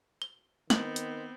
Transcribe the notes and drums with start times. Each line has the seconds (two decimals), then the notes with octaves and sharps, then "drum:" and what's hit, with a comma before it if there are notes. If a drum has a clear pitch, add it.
0.22 G7
0.70 D#3 B3 C4 F#7, drum: snare
0.96 drum: hi-hat